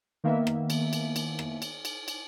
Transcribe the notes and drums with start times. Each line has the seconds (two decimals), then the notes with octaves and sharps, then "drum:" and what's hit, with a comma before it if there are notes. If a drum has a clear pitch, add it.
0.24 D#3 A#3 B3 E5
0.47 drum: rim click
0.70 drum: cymbal
0.93 drum: cymbal
1.16 drum: cymbal
1.39 drum: rim click
1.62 drum: cymbal
1.85 drum: cymbal
2.08 drum: cymbal